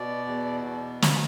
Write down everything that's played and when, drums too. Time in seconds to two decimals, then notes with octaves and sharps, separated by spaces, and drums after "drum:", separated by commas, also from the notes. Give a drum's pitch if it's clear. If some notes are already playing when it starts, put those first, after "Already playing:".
Already playing: B2 D5
0.26 E2
0.64 B2
1.02 drum: snare